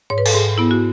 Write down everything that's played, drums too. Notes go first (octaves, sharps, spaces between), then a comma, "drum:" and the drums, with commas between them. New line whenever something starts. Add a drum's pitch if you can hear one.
G#2 C#5
B4
A4, drum: cymbal
G#2 G#4
B3 E4
F#4